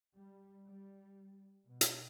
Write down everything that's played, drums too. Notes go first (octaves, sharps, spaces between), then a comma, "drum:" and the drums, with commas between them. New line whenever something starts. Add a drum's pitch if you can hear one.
G3
G3
B2
drum: hi-hat